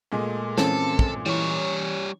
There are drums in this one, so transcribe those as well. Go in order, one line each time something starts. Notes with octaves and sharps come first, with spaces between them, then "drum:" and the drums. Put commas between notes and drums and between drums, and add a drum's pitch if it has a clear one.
A#2 G#3 A3 G#4
E3 F3 C4 C#4 A4, drum: snare
drum: kick
E3 G3 C#4 C#5